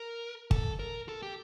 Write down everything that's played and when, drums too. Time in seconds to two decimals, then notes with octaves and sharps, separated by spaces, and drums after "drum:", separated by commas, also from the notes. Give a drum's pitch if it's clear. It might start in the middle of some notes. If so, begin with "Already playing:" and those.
Already playing: A#4
0.51 A4, drum: kick
0.79 A#4
1.09 A4
1.23 G4